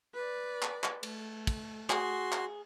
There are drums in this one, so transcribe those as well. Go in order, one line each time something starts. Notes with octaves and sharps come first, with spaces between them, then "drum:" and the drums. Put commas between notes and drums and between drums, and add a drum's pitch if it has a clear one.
B4 D5
drum: clap
drum: clap
A3, drum: cymbal
drum: kick, cymbal
F#4 G#4 C6, drum: clap
drum: clap